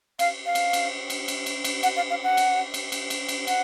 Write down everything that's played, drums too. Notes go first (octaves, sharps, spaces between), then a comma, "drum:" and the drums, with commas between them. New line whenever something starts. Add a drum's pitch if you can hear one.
F5, drum: cymbal
F5
drum: cymbal
drum: cymbal
drum: cymbal
drum: cymbal
drum: cymbal
drum: cymbal
F#5, drum: cymbal
F5
F5
F#5
drum: cymbal
drum: cymbal
drum: cymbal
drum: cymbal
drum: cymbal
F#5, drum: cymbal